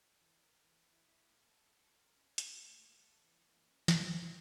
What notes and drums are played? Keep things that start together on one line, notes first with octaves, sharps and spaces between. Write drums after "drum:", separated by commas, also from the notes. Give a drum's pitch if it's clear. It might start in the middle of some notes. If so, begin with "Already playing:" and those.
E3
A#4
E3
E4
E4
A#3
A4
A4
A#4
C#4
C#4, drum: hi-hat
A3
A#3
A4
E3
A#3
C#4
C#4, drum: snare
C#4